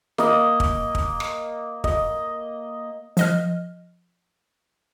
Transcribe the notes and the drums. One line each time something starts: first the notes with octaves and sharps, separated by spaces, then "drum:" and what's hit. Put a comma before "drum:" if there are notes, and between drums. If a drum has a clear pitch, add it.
A#3 D#5, drum: snare
drum: kick
drum: kick
drum: rim click
D#5, drum: kick
F3 D#5 F6, drum: hi-hat